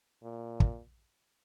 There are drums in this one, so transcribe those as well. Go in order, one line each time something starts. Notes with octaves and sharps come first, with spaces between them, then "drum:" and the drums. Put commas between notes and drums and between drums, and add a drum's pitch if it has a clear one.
A#2
drum: kick